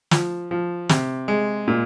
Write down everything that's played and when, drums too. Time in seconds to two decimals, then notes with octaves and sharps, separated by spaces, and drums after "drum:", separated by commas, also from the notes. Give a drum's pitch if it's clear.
0.11 F3, drum: snare
0.51 F3
0.89 C3, drum: snare
1.28 G#3
1.68 A#2